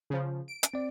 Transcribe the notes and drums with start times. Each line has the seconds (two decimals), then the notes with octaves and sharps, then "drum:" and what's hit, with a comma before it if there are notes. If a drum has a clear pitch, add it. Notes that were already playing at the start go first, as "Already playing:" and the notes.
0.10 C#3 F3
0.48 D7
0.63 drum: hi-hat
0.74 C4 D5